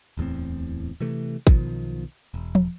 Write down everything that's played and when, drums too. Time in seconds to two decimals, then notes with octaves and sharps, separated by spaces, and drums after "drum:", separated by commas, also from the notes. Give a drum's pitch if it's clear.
0.17 D1 E2 A2 C4
1.00 C3 E3 A3
1.47 B1 B2 D#3 F3, drum: kick G#1
2.34 E1
2.55 drum: tom F3